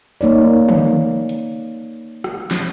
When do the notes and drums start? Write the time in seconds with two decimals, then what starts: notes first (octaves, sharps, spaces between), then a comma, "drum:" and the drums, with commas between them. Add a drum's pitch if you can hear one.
0.21 A#3 D#4 C#5 D5
0.69 drum: tom
1.29 drum: hi-hat
2.24 drum: rim click
2.51 drum: snare